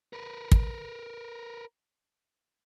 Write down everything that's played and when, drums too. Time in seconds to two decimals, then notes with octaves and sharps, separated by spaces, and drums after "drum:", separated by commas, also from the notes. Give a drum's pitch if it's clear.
0.13 A#4 B4
0.52 drum: kick